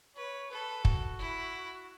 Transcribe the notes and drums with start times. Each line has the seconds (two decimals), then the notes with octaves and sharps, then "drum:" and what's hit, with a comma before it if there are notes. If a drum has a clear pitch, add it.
0.16 B4 C#5
0.51 A4 B4
0.85 F#4, drum: kick
1.19 E4